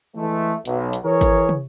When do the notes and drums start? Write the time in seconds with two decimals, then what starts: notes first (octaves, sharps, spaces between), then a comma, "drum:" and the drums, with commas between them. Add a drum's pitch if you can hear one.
0.15 E3 G#3 A3
0.65 B1, drum: hi-hat
0.93 drum: hi-hat
1.03 E3 G#4 A#4 C#5
1.21 drum: kick G#1, hi-hat
1.49 drum: tom